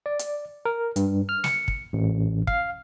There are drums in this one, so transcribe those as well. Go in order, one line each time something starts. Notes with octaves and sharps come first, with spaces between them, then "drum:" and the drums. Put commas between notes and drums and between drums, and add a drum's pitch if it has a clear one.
D5
drum: hi-hat
A#4
G2, drum: hi-hat
F6
C#7, drum: snare
drum: kick
A1
F5, drum: kick